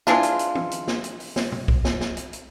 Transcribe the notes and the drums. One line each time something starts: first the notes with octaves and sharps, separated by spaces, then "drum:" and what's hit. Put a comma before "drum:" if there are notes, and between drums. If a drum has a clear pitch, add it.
E3 G#3 D4 F4, drum: snare
drum: hi-hat
drum: hi-hat
drum: tom
drum: hi-hat
drum: snare
drum: hi-hat
drum: open hi-hat
drum: snare
drum: tom B2
drum: kick
drum: snare
drum: snare
drum: hi-hat
drum: hi-hat